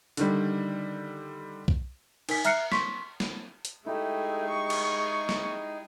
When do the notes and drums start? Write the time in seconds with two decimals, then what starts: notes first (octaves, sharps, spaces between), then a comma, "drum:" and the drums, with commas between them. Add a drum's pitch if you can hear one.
0.17 D3 D#3 G3, drum: hi-hat
1.68 drum: kick B1
2.29 D#4 A#4 G#5 B6, drum: cymbal
2.45 E5 A#5 F6 F#6 C7 C#7, drum: hi-hat
2.72 C6 C#6 B6, drum: snare
3.20 drum: snare
3.65 drum: hi-hat
3.86 G#3 A3 D#4 E4 G4 G#4
4.50 C#6
4.70 drum: cymbal
5.29 drum: snare